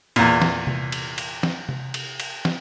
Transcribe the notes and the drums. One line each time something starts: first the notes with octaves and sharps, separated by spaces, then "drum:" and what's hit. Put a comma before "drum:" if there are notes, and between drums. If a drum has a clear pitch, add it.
E2 A#2, drum: cymbal
drum: snare
drum: tom C3
drum: cymbal
drum: cymbal
drum: snare
drum: tom C3
drum: cymbal
drum: cymbal
drum: snare